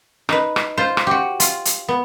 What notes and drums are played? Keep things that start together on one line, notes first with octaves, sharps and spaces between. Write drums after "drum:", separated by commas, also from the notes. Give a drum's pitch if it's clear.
D#4 B4, drum: rim click
drum: rim click
F4 C5
drum: rim click
F#4 G4
F4, drum: hi-hat
drum: hi-hat
B3